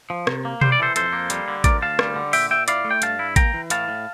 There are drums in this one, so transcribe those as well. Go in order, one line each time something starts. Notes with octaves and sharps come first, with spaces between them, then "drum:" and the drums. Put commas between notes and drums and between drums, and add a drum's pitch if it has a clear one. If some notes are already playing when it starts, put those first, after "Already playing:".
F3
C3, drum: rim click
A#3
G3 C5, drum: tom B2
D5
E3 A4 C5
F2 A4 C5, drum: hi-hat
A#3
G3, drum: hi-hat
D3
D2 A#4 D5, drum: kick A1, hi-hat
D2 F5 A5
G3, drum: rim click
D3
A#2 E5 G5, drum: open hi-hat
A#2 E5 G5
E4 D5 F5, drum: hi-hat
A3
G5
G2 F5 A5, drum: hi-hat
E4
A#3 G5 A#5, drum: kick A1, hi-hat
E3
A2 F5 A5, drum: hi-hat
A2